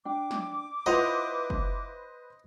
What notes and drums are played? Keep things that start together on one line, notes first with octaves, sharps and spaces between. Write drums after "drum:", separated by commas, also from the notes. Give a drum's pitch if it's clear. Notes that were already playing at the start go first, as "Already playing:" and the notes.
D4 G5 D6
drum: snare
E4 F4 B4 C5 D#5 F#5 F7
drum: kick F#1